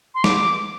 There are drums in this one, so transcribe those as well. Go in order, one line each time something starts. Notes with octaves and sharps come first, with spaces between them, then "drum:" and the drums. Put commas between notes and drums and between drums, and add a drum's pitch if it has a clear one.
C6
D6, drum: snare